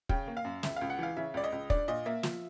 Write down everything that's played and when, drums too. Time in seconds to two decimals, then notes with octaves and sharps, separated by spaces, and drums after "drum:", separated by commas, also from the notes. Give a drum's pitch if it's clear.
0.09 C#3 G5, drum: kick
0.28 A#3
0.37 F5
0.45 F#2
0.63 C#2 E5, drum: snare
0.76 C#2 F5
0.90 F#5
0.99 E3 F5
1.17 C#3 E5
1.34 C#2 D5
1.44 D#5
1.52 C#2
1.70 D4 D5, drum: kick
1.88 A#2 D#5
2.06 A#3 E5
2.23 F3, drum: snare